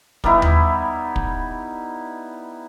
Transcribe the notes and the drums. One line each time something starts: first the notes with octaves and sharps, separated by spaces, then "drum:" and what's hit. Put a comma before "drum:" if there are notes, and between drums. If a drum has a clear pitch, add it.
G3 B3 D#4 E4, drum: kick
drum: tom D#2
drum: kick